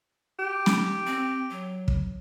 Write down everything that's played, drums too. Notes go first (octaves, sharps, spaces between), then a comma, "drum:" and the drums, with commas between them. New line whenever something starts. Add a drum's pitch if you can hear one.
G4
drum: snare
C4
F#3
drum: kick